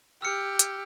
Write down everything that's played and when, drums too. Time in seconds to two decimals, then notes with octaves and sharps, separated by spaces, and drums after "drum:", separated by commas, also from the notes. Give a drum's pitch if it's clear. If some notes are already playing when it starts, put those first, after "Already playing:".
0.22 G4 E6 F6 C#7
0.59 drum: hi-hat